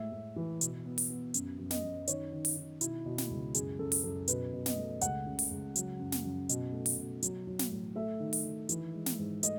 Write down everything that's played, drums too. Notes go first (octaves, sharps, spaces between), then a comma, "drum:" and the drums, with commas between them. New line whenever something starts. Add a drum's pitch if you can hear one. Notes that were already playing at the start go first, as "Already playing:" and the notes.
Already playing: A2 G#3 E5
A2
E3
B2, drum: hi-hat
B3
drum: open hi-hat
B3
F#2, drum: hi-hat
F#2
D#5, drum: snare
F#2
D#3 C#5, drum: hi-hat
D#3
drum: open hi-hat
D#3
B2 E4, drum: hi-hat
B2
drum: snare
C#2
F#2 G#4, drum: hi-hat
F#2 A4
drum: open hi-hat
F#2 A4
B2 B4, drum: hi-hat
B2
D#5, drum: snare
A3
C#2 F#5, drum: hi-hat
C#3
drum: open hi-hat
C#2
F#3, drum: hi-hat
F#2
drum: snare
F#2
B2, drum: hi-hat
A3
drum: open hi-hat
B2
F#3, drum: hi-hat
F#3
drum: snare
A2
A3 E5
D#3
drum: open hi-hat
D#3
E3, drum: hi-hat
G#3
drum: snare
G#2
A3 D#5, drum: hi-hat